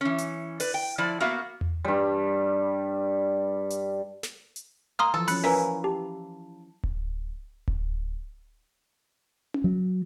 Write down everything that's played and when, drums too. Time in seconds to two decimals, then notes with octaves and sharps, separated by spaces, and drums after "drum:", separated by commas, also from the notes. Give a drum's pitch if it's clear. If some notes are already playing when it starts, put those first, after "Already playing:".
0.01 E3 C#4
0.18 drum: hi-hat
0.60 B4 D5, drum: open hi-hat
0.74 G5
0.98 F3 E4 D5
1.20 A#3 B3 F#4 E5 F5
1.61 drum: tom E2
1.85 G2 G3
3.70 drum: hi-hat
4.23 drum: snare
4.56 drum: hi-hat
4.99 A#3 C6 D#6 F6
5.14 E3 F3 A4
5.28 F3 F#3 C#4 B5 F#6 C#7, drum: open hi-hat
5.44 E3 A#3 C#4 E4 A#4 B4 G#5 B6
5.84 G4 A5
6.83 drum: kick D1
7.68 drum: kick D1
9.54 drum: tom C#4
9.64 F#3